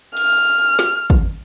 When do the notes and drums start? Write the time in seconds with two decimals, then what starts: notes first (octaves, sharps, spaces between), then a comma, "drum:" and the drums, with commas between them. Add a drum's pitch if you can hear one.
0.17 F6, drum: cymbal
0.79 drum: snare
1.10 drum: kick